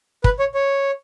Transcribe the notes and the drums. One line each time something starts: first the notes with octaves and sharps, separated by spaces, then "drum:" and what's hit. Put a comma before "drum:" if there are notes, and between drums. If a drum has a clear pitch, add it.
B4, drum: kick
C#5
C#5